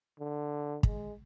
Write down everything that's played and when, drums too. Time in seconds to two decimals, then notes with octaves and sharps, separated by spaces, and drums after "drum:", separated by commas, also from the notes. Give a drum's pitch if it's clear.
0.20 D3
0.83 G#3, drum: kick